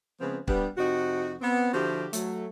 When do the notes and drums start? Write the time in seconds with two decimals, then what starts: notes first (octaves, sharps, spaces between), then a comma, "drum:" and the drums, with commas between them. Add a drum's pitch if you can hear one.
0.21 C#3 F3 G#3 B3 C4 B4
0.48 G3 B3 D4, drum: kick
0.77 F2 C3 D#4 F#4
1.41 B3 C4
1.74 D3 F3 E4 F#4 G4
2.13 F#3 A3, drum: hi-hat